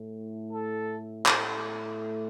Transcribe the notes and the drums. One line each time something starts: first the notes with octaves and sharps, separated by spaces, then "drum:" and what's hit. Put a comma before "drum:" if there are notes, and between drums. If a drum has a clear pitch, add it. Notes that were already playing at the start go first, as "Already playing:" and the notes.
Already playing: A2 A3
A4
A2 A3, drum: clap